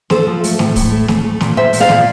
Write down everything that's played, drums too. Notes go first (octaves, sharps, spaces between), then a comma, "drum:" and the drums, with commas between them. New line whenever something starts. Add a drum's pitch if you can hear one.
F3 A4 C5, drum: snare
F3
A3, drum: open hi-hat
A2, drum: snare
A2, drum: kick, open hi-hat
A3
A3, drum: snare
A3
A#2, drum: snare
A#2 C5 E5
A#2, drum: open hi-hat
D5 F5
A#2, drum: snare